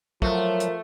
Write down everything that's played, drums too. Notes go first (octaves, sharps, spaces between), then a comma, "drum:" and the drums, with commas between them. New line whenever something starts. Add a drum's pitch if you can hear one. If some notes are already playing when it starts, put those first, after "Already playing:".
F3 F#3 A3 A#4, drum: kick
drum: hi-hat